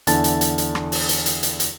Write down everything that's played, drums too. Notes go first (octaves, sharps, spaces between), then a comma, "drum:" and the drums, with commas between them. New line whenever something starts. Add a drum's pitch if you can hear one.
E2 D3 E4 A5 A6, drum: hi-hat
drum: hi-hat
drum: hi-hat
drum: hi-hat
drum: rim click
drum: open hi-hat
drum: hi-hat
drum: hi-hat
drum: hi-hat
drum: hi-hat